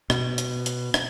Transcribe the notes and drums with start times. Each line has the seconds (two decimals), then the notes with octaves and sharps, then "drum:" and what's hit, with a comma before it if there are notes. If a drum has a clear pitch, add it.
0.10 B2, drum: rim click
0.38 drum: hi-hat
0.66 drum: hi-hat
0.94 drum: rim click